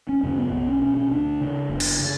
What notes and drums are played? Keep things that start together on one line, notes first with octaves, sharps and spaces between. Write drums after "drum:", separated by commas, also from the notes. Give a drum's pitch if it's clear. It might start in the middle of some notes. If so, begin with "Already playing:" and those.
C#4
F#2 C#3 C#4
B3
B1 B3
C#4
B2 C#4
C#4
D2 D4
C#3
F#1
drum: cymbal
C#3